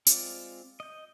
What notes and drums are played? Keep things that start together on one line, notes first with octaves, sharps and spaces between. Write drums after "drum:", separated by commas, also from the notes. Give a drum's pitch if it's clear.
G#3 C4 F4 D5, drum: hi-hat
D#5 G6